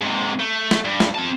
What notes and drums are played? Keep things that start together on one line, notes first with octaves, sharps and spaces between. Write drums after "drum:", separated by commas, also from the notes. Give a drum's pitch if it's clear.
G#2 C3
A3
drum: snare
G2
drum: snare
C4 A5